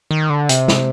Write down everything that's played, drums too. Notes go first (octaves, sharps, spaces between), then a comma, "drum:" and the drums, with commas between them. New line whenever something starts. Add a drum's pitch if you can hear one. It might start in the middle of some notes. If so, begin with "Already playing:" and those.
D#3
D3
C3, drum: hi-hat
drum: snare